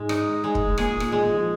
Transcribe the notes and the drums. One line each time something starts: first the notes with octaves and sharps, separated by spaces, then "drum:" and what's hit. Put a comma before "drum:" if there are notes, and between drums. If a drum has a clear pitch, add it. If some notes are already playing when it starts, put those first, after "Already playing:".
Already playing: G#2 G#3
D#4, drum: rim click
G#3
drum: kick
A#2 G#4, drum: rim click
A#2, drum: rim click
G#3
A#2
F3